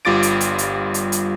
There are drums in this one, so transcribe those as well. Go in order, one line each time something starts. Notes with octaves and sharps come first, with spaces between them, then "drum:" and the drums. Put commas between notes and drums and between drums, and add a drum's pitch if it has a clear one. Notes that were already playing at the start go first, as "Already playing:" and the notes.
G1 G3 F4 D6 A6 D7
drum: hi-hat
drum: hi-hat
drum: hi-hat
drum: hi-hat
drum: hi-hat